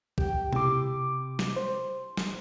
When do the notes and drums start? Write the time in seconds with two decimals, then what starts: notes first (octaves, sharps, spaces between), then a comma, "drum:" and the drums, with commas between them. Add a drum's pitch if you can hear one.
0.18 G4 G5, drum: kick
0.53 C3 E4 C6 D6, drum: tom B2
1.39 drum: snare
1.56 C5
2.17 drum: snare